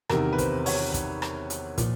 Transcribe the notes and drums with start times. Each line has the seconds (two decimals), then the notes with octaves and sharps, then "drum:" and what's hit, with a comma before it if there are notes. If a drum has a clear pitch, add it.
0.09 E2 C3 D#3 A#4, drum: rim click
0.33 B4
0.38 C5, drum: kick, hi-hat
0.66 C#5, drum: open hi-hat
0.94 drum: kick, hi-hat
1.22 drum: rim click
1.50 drum: hi-hat
1.78 A#2 F3, drum: kick, hi-hat